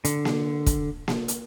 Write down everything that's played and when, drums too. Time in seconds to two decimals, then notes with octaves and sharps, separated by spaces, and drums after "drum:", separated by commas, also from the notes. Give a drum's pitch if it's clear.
0.05 D3, drum: hi-hat
0.25 drum: snare A#3
0.66 drum: kick, hi-hat
1.08 drum: snare A#3
1.28 drum: hi-hat